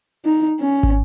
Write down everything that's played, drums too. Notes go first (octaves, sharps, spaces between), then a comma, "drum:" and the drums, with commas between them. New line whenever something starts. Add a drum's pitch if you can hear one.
D#4
C#4
drum: kick